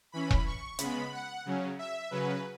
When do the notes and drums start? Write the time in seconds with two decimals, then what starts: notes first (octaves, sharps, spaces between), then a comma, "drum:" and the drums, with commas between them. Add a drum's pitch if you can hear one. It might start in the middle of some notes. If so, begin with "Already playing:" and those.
0.12 E3 C#4 B5
0.31 drum: kick E1
0.46 C#6
0.79 C#3 G#3 B3 B5, drum: hi-hat
1.12 F#5
1.45 C#3 F#3 C#4
1.79 E5
2.11 C#3 F#3 C#4 B4